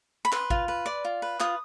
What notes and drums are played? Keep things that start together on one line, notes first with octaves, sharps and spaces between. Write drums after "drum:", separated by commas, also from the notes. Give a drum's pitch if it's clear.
B5
B4 C6, drum: clap
F4, drum: kick
B4
D5
F4
B4
F4 D#6, drum: clap